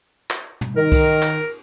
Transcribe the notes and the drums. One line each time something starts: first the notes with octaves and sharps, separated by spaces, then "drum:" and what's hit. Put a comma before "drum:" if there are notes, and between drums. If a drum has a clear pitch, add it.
drum: clap
drum: tom
D#3 A#4
drum: kick C2, cymbal
drum: clap